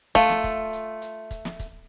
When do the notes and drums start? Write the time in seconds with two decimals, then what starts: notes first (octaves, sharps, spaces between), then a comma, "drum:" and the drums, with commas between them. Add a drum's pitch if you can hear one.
0.15 A3 F4, drum: kick, hi-hat
0.29 drum: snare
0.44 drum: kick, hi-hat
0.73 drum: hi-hat
1.02 drum: hi-hat
1.31 drum: kick, hi-hat
1.45 drum: snare
1.60 drum: kick, hi-hat